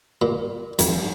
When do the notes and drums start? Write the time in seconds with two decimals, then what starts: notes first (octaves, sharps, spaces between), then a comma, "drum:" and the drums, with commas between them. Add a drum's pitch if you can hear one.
0.22 A#2
0.79 F2, drum: hi-hat